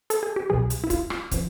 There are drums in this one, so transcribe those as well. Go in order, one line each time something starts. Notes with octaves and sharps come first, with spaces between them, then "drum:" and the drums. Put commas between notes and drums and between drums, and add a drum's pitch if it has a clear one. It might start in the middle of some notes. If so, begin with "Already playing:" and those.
A4, drum: hi-hat
G#4
G4
C2 B2 F#3 G#4
drum: hi-hat
E4
F4, drum: kick, hi-hat
drum: rim click
C#3 F3, drum: kick, hi-hat